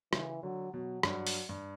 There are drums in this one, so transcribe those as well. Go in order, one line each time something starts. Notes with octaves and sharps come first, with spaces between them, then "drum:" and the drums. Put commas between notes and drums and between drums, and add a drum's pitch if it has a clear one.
C#3 E3, drum: rim click
D3 F#3
B2 F#3
G2 F#3, drum: rim click
drum: open hi-hat
G2